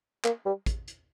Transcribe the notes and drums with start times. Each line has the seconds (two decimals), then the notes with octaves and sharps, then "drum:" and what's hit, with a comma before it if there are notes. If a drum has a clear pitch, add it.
0.24 A#3, drum: clap
0.46 G3
0.66 drum: kick, hi-hat
0.88 drum: hi-hat